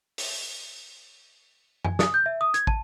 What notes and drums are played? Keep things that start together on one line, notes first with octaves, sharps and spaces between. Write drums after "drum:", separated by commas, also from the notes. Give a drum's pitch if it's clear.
drum: open hi-hat
G#5, drum: tom F#2
D#6, drum: snare
G6
E5
D#6
G#6, drum: hi-hat
A5, drum: kick